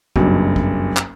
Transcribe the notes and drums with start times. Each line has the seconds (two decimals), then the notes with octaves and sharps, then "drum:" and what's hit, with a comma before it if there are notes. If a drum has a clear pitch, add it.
0.16 F#1 B1 G2, drum: kick
0.56 drum: kick
0.97 drum: clap